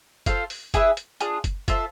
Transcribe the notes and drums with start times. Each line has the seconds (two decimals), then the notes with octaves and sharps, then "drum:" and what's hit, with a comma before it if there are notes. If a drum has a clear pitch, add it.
0.26 F4 A4 C5 F5, drum: kick F#1, hi-hat
0.50 drum: open hi-hat
0.74 E4 G#4 B4 E5, drum: kick F#1, hi-hat
0.97 drum: hi-hat
1.21 D4 F4 G#4, drum: hi-hat
1.44 drum: kick F#1, hi-hat
1.68 F4 A4 C5 E5, drum: kick F#1, hi-hat